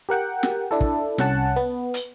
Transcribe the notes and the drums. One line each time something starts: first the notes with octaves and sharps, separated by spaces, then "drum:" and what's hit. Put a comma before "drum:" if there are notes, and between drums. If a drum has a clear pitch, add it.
G4 A#4 F#5 G5
drum: snare
D4 E4 A4
drum: kick
C2 C#4 F#5 A5, drum: snare
B3
drum: hi-hat